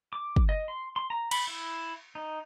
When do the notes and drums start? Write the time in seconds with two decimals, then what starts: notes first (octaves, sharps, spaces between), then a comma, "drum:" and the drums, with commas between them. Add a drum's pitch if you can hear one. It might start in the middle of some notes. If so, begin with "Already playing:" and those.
0.13 D6
0.36 drum: kick
0.49 D#5
0.68 C6
0.96 C6
1.10 A#5
1.31 B5, drum: cymbal
1.47 E4
2.15 D#4